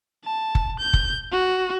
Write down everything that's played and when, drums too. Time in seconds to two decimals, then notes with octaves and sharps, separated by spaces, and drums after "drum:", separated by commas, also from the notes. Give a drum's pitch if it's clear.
0.24 A5
0.55 drum: kick F#1
0.79 G6
0.93 drum: kick F#1
1.32 F#4